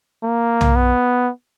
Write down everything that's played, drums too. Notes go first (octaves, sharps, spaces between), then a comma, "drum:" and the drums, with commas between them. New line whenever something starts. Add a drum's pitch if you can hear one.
A#3
drum: tom
B3